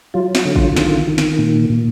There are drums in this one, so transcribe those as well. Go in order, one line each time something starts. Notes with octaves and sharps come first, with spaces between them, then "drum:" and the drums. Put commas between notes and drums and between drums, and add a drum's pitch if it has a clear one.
F#3 F4
E4 F#4, drum: snare
D3
F4, drum: kick
D#3, drum: snare
D#3
drum: snare
A#2
A#2